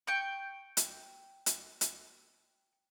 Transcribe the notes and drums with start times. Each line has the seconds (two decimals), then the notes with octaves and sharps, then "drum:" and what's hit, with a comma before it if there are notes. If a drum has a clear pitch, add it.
0.07 G5 C#6
0.77 drum: hi-hat
1.46 drum: hi-hat
1.81 drum: hi-hat